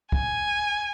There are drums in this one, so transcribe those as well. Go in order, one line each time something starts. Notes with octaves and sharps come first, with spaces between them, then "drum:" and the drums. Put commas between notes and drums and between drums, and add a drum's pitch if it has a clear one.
G#5, drum: kick